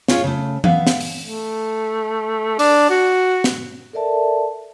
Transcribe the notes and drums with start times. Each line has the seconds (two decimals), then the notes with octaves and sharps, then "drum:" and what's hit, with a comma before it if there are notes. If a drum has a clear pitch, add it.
0.08 C#4 F4 G#4 C#5, drum: snare
0.24 C#3 A3
0.64 B3 E5 F5, drum: tom E3
0.87 drum: snare
1.01 drum: open hi-hat
1.22 A3
2.59 D4, drum: open hi-hat
2.90 F#4
3.44 drum: snare
3.93 A4 A#4 D5 E5 A5